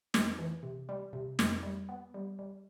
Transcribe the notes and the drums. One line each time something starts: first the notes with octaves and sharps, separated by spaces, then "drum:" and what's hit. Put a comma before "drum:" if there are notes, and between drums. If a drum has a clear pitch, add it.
F2, drum: snare
E3
C3
G3
C3
F2, drum: snare
G3
B3
G3
G3